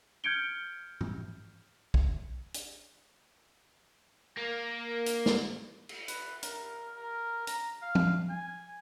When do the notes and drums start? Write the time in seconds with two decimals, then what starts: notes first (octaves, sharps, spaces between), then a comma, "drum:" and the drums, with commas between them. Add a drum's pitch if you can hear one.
0.24 F6 G6 G#6 C#7 D7 G7
1.01 drum: tom
1.94 drum: kick
2.54 drum: hi-hat
4.37 A#3
5.06 drum: hi-hat
5.26 drum: snare
5.89 drum: cymbal
6.08 B4, drum: hi-hat
6.43 A#4, drum: hi-hat
6.96 A#4
7.47 A#5, drum: hi-hat
7.82 F5
7.95 drum: tom
8.29 G#5